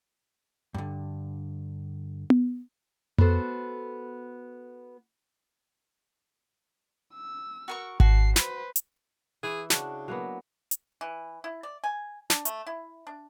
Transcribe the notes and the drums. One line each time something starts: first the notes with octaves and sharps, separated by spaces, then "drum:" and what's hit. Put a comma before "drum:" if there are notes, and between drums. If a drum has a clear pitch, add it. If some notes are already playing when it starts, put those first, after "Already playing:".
G2 D3
drum: tom B3
B3 F#4 A4 C5, drum: tom F2
E6
F#4 A#4 C#6
F#4 A5 C7, drum: kick G#1
B4 C5, drum: snare
drum: hi-hat
E3 E4 G#4
C#3 D4 F#4, drum: snare
F#3 A#3 B3
drum: hi-hat
E3
E4
D5
G#5
D4, drum: snare
A3, drum: hi-hat
E4
D4